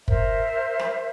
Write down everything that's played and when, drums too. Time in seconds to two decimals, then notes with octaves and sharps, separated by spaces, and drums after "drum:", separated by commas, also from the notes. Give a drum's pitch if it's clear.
0.08 A#4 C5 E5, drum: kick
0.79 drum: rim click